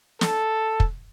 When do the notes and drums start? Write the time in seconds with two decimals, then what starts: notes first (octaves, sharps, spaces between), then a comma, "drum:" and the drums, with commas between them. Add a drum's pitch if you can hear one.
0.21 A4, drum: snare
0.80 drum: kick